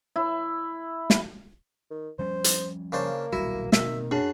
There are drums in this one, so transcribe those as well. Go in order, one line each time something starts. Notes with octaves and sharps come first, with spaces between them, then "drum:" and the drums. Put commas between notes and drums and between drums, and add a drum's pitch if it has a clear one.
E4
drum: snare
D#3
F3 G3 C#4 C5
drum: hi-hat
C#3 A#3 D4 C5
D#1 B1 G3 E4 F#4
B2 D#3 A#3 C4 E5, drum: snare
F#2 D4 G#4 A5